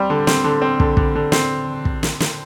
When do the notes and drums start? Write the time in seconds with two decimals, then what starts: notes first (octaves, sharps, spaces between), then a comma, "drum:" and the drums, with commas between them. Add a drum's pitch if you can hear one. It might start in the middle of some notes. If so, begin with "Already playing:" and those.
Already playing: G3 C4
0.10 D3
0.27 C4, drum: snare
0.44 D3
0.62 C4
0.80 D3, drum: kick
0.97 D3, drum: kick
1.15 D3
1.32 C4, drum: snare
1.85 drum: kick
2.03 drum: snare
2.20 drum: snare